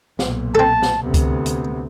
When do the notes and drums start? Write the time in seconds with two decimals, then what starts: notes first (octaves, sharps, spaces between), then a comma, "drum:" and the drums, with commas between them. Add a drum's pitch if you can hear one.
0.19 B1 A#2, drum: snare
0.55 C4 A4 A5
0.82 drum: snare
1.03 D2 C3 B3
1.14 drum: kick C#2, hi-hat
1.46 drum: hi-hat